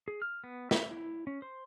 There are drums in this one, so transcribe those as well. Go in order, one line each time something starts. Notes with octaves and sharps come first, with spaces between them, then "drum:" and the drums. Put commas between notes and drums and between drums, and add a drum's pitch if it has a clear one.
G#4
F6
B3
E5, drum: snare
E4
C#4
C5